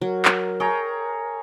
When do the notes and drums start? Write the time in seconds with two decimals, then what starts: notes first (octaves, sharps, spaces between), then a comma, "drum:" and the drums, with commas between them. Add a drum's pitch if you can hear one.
0.01 F#3 A#4
0.25 drum: clap
0.60 G#4 C#5 G5 A#5